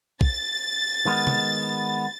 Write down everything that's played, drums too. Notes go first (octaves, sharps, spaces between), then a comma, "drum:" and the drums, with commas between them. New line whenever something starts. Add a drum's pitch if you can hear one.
A6, drum: kick
D#3 G#3 B3
drum: tom C3